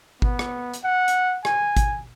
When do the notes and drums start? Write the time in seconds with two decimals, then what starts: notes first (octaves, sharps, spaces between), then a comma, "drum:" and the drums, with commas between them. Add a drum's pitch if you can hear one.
0.22 B3, drum: kick G#1
0.39 drum: rim click
0.74 drum: hi-hat
0.84 F#5
1.08 drum: hi-hat
1.45 G#5, drum: rim click
1.77 drum: kick G#1, hi-hat